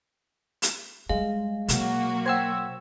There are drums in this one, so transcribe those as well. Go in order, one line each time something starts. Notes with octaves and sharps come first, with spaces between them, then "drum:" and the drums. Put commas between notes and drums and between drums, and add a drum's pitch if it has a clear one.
drum: hi-hat
G3 G#3 F5
B2 F#3 A#3 F#4, drum: hi-hat
C5 F#5 G5 E6 G#6